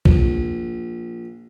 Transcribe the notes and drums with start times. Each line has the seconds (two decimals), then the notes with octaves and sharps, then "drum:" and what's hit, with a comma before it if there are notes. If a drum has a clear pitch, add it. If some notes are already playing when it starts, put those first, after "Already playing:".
0.05 A#1, drum: kick